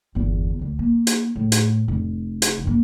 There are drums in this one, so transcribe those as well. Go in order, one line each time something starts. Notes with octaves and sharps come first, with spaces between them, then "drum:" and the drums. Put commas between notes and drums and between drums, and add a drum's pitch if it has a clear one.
G1 E2
D2 D3
A#3
drum: hi-hat
A2
drum: hi-hat
F1
drum: hi-hat
G2 A#3